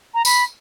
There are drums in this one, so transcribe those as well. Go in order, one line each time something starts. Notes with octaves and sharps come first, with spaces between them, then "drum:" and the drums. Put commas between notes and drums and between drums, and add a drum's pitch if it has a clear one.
A#5
B5, drum: tambourine